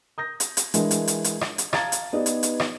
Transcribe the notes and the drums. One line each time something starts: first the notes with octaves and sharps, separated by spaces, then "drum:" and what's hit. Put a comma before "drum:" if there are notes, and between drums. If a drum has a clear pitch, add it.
D#6 G6 A#6
drum: hi-hat
drum: hi-hat
E3 G#3 D4 A#4 D#5, drum: hi-hat
drum: hi-hat
drum: hi-hat
drum: hi-hat
drum: rim click
drum: hi-hat
F5 A5 A#5 G#6 A6, drum: rim click
drum: hi-hat
B3 D#4 G4 B4 D5 D#5
drum: hi-hat
drum: hi-hat
drum: rim click